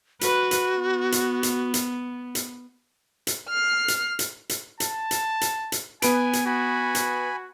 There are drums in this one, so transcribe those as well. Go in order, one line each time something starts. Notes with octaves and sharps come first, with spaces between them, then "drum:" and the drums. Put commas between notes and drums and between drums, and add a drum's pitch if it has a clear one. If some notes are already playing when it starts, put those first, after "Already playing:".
F#4 B4, drum: hi-hat
drum: hi-hat
B3
drum: hi-hat
drum: hi-hat
drum: hi-hat
drum: hi-hat
drum: hi-hat
F6 C7
drum: hi-hat
drum: hi-hat
drum: hi-hat
A5, drum: hi-hat
drum: hi-hat
drum: hi-hat
drum: hi-hat
B3 B4 G#5 D7, drum: hi-hat
drum: hi-hat
F#4 G#5 B5
drum: hi-hat